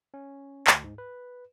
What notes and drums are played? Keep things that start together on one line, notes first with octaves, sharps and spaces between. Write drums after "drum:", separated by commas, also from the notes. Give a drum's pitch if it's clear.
C#4
D2, drum: clap
G#2
B4